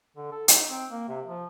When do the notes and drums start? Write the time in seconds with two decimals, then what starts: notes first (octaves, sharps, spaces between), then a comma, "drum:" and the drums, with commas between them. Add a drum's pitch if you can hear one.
0.17 D3
0.32 A4
0.48 D#4, drum: hi-hat
0.68 C4
0.90 A#3
1.08 C3
1.26 F3